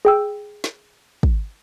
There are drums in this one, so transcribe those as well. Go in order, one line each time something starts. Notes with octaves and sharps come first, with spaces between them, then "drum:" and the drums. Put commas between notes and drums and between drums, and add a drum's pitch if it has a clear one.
G#4 G5 E6
drum: snare
drum: kick